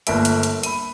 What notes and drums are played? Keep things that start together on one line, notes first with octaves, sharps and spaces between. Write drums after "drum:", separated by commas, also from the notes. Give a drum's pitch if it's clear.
G1 A3 A#3 E5 D7, drum: hi-hat
drum: hi-hat
drum: hi-hat
B5 D#7, drum: hi-hat